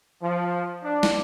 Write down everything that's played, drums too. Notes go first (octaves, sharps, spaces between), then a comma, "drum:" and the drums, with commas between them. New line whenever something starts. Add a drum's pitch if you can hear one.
F3
D4
drum: snare